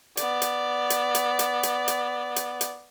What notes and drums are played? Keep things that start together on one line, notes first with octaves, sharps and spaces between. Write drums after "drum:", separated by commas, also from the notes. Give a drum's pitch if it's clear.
B3 D5, drum: hi-hat
drum: hi-hat
drum: hi-hat
drum: hi-hat
drum: hi-hat
drum: hi-hat
drum: hi-hat
drum: hi-hat
drum: hi-hat